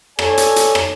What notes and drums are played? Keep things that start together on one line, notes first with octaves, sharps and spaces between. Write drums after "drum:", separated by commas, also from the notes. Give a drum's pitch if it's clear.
A4 C#5 D5 G#5, drum: rim click
drum: hi-hat
drum: hi-hat
drum: rim click